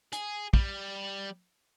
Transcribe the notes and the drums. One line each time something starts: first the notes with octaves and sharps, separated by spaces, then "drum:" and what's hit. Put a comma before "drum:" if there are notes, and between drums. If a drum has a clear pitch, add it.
G#4, drum: hi-hat
G3, drum: kick